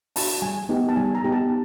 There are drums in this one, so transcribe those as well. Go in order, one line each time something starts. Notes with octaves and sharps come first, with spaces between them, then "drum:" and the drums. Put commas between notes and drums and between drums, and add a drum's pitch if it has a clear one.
D4 F#4 A5, drum: open hi-hat
G3 G#5
B3 D#4 G4
A5
G3 G#5
A#5
B3 D#4 G4
A5